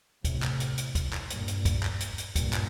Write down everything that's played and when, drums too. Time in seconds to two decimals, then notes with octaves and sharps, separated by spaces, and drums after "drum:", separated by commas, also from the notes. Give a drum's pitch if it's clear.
0.25 A2 C3, drum: kick, hi-hat
0.43 drum: clap
0.60 drum: hi-hat
0.78 drum: hi-hat
0.95 drum: kick, hi-hat
1.13 drum: clap
1.30 G2 A#2, drum: hi-hat
1.48 drum: hi-hat
1.65 drum: kick, hi-hat
1.83 drum: clap
2.00 drum: hi-hat
2.18 drum: hi-hat
2.36 G2 A#2, drum: kick, hi-hat
2.53 drum: clap